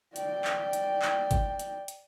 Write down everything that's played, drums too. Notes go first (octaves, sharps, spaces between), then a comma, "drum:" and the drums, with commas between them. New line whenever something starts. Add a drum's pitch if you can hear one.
D5 G5, drum: hi-hat
drum: clap
drum: hi-hat
drum: clap
drum: kick G1, hi-hat
drum: hi-hat
drum: hi-hat